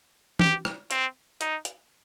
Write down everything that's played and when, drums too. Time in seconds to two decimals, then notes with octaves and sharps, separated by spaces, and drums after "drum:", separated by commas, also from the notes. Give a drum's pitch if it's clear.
0.39 G4, drum: tom E3
0.65 drum: rim click
0.91 C4, drum: hi-hat
1.41 D#4, drum: hi-hat
1.65 drum: hi-hat